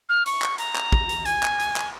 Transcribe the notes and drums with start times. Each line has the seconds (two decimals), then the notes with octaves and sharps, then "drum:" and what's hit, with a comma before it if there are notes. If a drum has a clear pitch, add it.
0.09 F6
0.26 C#6, drum: hi-hat
0.42 drum: clap
0.58 A#5, drum: hi-hat
0.76 drum: clap
0.92 drum: kick
1.09 drum: hi-hat
1.25 G#5, drum: hi-hat
1.43 drum: clap
1.60 drum: hi-hat
1.76 drum: clap